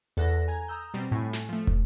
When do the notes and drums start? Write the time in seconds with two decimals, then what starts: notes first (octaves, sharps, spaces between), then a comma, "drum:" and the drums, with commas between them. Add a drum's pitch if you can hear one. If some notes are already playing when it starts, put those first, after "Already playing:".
0.17 E2 A4 B4 F#5 F#6 A#6
0.48 G#5 A#5 G#6
0.68 A#5 D#6 E6 G6
0.94 B2 G3 C4
1.12 A2 G#5
1.33 drum: snare
1.49 F3 A3
1.67 drum: kick